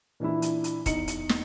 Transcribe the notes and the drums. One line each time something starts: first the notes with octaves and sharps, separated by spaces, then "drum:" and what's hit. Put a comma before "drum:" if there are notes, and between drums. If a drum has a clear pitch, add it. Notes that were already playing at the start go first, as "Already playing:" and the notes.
A#2 E3 D4 E4
drum: hi-hat
drum: hi-hat
E2 D#4 C#7 F#7, drum: kick D#1, hi-hat
drum: hi-hat
drum: snare